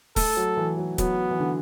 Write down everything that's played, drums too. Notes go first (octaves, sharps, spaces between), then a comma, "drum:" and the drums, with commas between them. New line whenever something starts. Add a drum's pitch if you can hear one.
A3 A4, drum: kick, open hi-hat
F#3
E3
F#3
F#3 B3, drum: kick, hi-hat
E3
D3